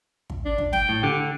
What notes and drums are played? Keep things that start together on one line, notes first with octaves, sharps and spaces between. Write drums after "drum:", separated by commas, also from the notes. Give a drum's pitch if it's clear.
drum: kick
D4
drum: kick
G5, drum: snare
A2
D3 G4